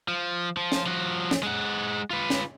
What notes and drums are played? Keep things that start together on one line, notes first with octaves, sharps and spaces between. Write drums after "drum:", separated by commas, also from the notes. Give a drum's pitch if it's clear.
F3
F3
drum: snare
F3 F#4
drum: snare
G#3 F#5
F4 B4
drum: snare